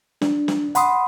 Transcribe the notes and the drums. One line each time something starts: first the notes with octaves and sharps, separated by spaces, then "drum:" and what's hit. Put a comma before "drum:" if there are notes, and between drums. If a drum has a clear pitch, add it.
D4, drum: snare
drum: snare
F#5 B5 C6 D#6, drum: hi-hat